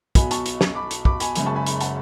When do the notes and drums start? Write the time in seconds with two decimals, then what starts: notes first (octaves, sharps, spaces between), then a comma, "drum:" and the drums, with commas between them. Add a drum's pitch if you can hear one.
0.15 B1 B2 F#3 G#5 B5, drum: kick, hi-hat
0.31 A5 C#6, drum: hi-hat
0.46 drum: hi-hat
0.61 drum: snare
0.75 B5 D6
0.91 drum: hi-hat
1.05 B5 D6, drum: kick
1.20 G#5 B5, drum: hi-hat
1.35 F#1 F#2 C#3 G#3 G#5 B5, drum: hi-hat
1.46 A5 C#6
1.55 G#5 B5
1.66 G#5 B5, drum: hi-hat
1.81 F#5 A5, drum: hi-hat